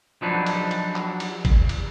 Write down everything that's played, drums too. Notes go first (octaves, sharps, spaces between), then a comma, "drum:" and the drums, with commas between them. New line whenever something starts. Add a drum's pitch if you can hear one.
F3 F#3 D4 D#4 B4
drum: cymbal
drum: cymbal
drum: clap
drum: cymbal
drum: kick G#1, cymbal
drum: cymbal